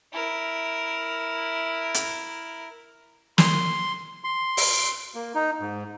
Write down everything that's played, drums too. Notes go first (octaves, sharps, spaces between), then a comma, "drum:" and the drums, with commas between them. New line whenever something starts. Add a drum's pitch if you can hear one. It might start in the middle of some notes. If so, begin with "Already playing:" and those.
E4 A#4
drum: hi-hat
C6, drum: snare
C6
drum: open hi-hat
A#3
D#4
G#2